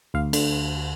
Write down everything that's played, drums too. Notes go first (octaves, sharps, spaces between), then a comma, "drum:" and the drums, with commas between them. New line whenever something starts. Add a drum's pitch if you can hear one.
D2 F5
D3, drum: cymbal